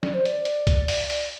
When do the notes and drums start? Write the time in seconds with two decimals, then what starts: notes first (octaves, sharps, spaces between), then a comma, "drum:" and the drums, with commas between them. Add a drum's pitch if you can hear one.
0.03 D5, drum: snare
0.14 C5
0.25 D5, drum: hi-hat
0.45 drum: hi-hat
0.67 drum: kick C2, hi-hat
0.88 drum: open hi-hat
1.10 drum: open hi-hat